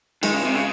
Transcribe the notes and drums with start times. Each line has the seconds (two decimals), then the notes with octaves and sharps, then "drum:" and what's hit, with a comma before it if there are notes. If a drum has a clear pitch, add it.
0.23 D#3 G#3, drum: cymbal
0.34 C#3
0.44 C3
0.55 C#3